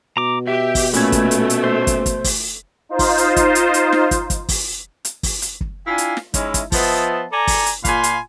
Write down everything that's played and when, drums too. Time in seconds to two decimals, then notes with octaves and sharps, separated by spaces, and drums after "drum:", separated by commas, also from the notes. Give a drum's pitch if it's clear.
0.17 B2 A#5 D6
0.47 G4 E5
0.75 drum: kick, open hi-hat
0.94 A#2 A3 C#4 B4 G#6, drum: hi-hat
1.12 drum: kick, hi-hat
1.31 drum: hi-hat
1.50 drum: hi-hat
1.64 C5
1.87 drum: kick, hi-hat
2.06 drum: kick, hi-hat
2.24 drum: kick, open hi-hat
2.89 D#4 F4 C5
2.99 drum: kick, open hi-hat
3.18 drum: hi-hat
3.36 drum: kick, hi-hat
3.55 drum: hi-hat
3.74 drum: hi-hat
3.93 drum: snare
4.11 drum: kick, hi-hat
4.30 drum: kick, hi-hat
4.49 drum: kick, open hi-hat
5.05 drum: hi-hat
5.23 drum: kick, open hi-hat
5.42 drum: hi-hat
5.61 drum: kick
5.87 D4 E4 F4 F5 G5 G#5
5.98 drum: hi-hat
6.17 drum: snare
6.34 G#3 C#4 D#4 E4, drum: kick, hi-hat
6.54 drum: kick, hi-hat
6.72 F3 B3 C5 D#5 E5 A5, drum: kick, open hi-hat
7.33 A4 D5 G#5 A#5
7.47 drum: kick, open hi-hat
7.66 drum: hi-hat
7.85 A#2 F4 F5 G#5 B5 C6, drum: kick, hi-hat
8.03 drum: hi-hat